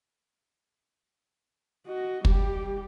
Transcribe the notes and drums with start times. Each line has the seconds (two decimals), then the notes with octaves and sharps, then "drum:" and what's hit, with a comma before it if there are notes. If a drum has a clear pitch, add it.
1.87 F#4 D#5
2.25 G3 G4, drum: kick